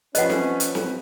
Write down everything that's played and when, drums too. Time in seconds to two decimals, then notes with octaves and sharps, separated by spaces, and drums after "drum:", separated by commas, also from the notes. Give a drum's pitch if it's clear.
0.15 F3 C#4 B4 D#5 F#5 F#6, drum: hi-hat
0.30 drum: snare
0.60 drum: hi-hat
0.75 drum: snare